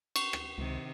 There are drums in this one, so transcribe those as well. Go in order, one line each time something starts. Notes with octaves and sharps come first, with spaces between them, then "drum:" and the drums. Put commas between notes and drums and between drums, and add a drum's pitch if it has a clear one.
C#6, drum: cymbal
drum: rim click
C#2 C3 D#3